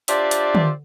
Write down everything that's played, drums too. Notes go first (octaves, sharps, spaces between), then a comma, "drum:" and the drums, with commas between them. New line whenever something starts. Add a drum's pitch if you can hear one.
D4 F4 G4 C5 D5 E5, drum: hi-hat
drum: hi-hat
drum: tom